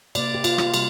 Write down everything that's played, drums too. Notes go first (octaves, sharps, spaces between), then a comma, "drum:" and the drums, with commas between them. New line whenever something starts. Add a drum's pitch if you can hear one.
C3 A#3 D5, drum: cymbal
G4
F4, drum: cymbal
F4, drum: rim click
C3 G3, drum: cymbal